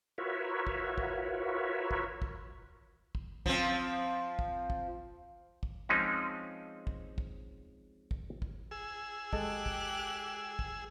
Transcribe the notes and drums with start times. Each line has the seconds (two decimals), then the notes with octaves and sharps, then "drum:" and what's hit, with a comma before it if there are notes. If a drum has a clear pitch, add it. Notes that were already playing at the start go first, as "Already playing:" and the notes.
0.18 F4 F#4 A#4 B4 C#5 E5
0.67 drum: kick
0.98 drum: kick
1.91 drum: kick
2.22 drum: kick
3.15 drum: kick
3.46 F3 C4, drum: kick
4.39 drum: kick
4.70 drum: kick
5.63 drum: kick
5.89 F3 G#3 C4 C#4 D#4
6.87 drum: kick
7.18 drum: kick
8.11 drum: kick
8.42 drum: kick
8.71 G#4 E6
9.33 G#3 G4 A4 D#5 F#6, drum: kick
9.66 drum: kick
10.59 drum: kick